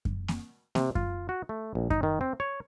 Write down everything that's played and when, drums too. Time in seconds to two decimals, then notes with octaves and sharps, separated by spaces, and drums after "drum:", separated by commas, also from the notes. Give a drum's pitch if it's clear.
0.05 drum: kick F#2
0.28 drum: snare A#3
0.75 C3, drum: snare A#3
0.95 F4, drum: kick F#2
1.29 F#4
1.49 A3
1.75 A#1
1.90 D#4, drum: kick F#2
2.03 D#3
2.21 C4
2.40 C#5